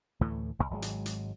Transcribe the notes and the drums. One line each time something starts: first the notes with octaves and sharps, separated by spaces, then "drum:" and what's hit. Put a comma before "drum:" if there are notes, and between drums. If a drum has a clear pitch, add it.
D2 A2 E3 A3
D1 C2
G#1 F#3 G#3
drum: hi-hat
drum: hi-hat